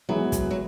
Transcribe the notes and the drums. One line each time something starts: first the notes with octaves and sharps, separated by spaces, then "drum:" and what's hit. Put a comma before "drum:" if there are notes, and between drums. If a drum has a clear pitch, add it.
E3 F#3 G#3 B3 E4
drum: kick, hi-hat
F#3